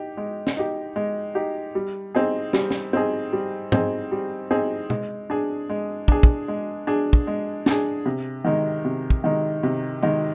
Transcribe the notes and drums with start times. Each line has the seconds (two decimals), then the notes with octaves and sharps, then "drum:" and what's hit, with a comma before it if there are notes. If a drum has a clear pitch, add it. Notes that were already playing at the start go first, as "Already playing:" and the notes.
Already playing: D#4 G4
0.17 G#3
0.47 drum: snare
0.57 D#4 G4
0.96 G#3
1.35 D#4 G4
1.75 G3
2.15 C4 D#4 G#4
2.53 G3, drum: snare
2.70 drum: snare
2.93 C4 D#4 G#4
3.33 G3
3.72 C4 D#4 G#4, drum: tom G#2
4.12 G3
4.51 C4 D#4 G#4
4.90 G#3, drum: tom
5.30 D4 G#4
5.69 G#3
6.08 D4 G#4, drum: kick
6.23 drum: kick
6.48 G#3
6.87 D4 G#4
7.13 drum: kick
7.27 G#3
7.66 D4 G#4, drum: snare
8.06 C3
8.44 D#3 G#3 D#4
8.85 C3
9.10 drum: kick
9.24 D#3 G#3 D#4
9.63 C3
10.02 D#3 G#3 D#4